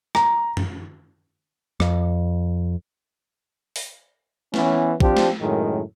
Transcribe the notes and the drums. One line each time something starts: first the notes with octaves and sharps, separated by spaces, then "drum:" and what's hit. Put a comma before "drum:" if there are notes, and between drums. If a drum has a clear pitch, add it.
A#5, drum: rim click
drum: tom
F2, drum: rim click
drum: open hi-hat
E3 B3 C#4, drum: snare
F3 C4 D4 G4, drum: kick A#1
drum: snare
F#2 A2 D#3 G#3